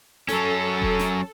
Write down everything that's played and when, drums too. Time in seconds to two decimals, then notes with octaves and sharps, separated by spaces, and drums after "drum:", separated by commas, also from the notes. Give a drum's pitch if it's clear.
0.29 F#3 C#4 A4, drum: snare
0.82 drum: kick E1
0.99 drum: snare